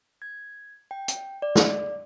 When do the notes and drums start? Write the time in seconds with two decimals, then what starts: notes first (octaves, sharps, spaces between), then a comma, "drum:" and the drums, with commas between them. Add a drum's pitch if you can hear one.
0.22 G#6
0.91 G5
1.08 drum: hi-hat
1.42 D5
1.56 drum: snare